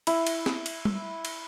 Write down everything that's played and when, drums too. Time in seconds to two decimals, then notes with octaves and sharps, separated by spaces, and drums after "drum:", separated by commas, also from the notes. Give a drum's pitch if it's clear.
0.07 E4, drum: cymbal
0.27 drum: cymbal
0.46 drum: snare C4
0.66 drum: cymbal
0.85 drum: tom G3
1.25 drum: cymbal